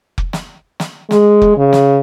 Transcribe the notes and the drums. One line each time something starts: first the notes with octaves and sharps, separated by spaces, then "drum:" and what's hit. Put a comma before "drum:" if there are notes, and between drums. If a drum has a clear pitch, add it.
drum: kick F1
drum: snare
drum: snare
G#3, drum: snare
drum: kick F1
C#3
drum: snare